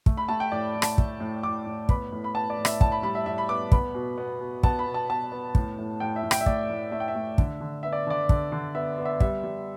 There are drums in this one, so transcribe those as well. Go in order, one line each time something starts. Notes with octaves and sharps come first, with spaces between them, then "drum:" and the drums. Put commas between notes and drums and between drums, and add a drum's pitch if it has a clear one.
A3, drum: kick
B5
A3 A5
G5
A2 D5
A2
A5, drum: rim click
A3, drum: kick
A2
A2 D6
A2
B3 B5, drum: kick
A2
B5
B3 A5
D5
A2
E5, drum: rim click
A2 A5, drum: kick
B5
G3 B5
E5
A2 E5
B5
B3 D6
B3 B5, drum: kick
B2
B3
B2
B3 A5, drum: kick
B5
B2
A5
B3 A5
B3
A2, drum: kick
A2
A2 G5
E5
A2
G5, drum: rim click
E5
A3 D5, drum: kick
A2
A3 E5
G5
E5
A3
D3, drum: kick
D3
B3 E5
D5
D3 D5
D3, drum: kick
D3
B3 E5
B3
E5
G3 E5, drum: kick
G3